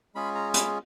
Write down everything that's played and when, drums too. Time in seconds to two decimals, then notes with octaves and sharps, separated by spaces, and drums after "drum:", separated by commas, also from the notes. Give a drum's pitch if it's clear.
0.15 G#3 C#4 F4 G#4 B5
0.35 A#5
0.54 B5, drum: hi-hat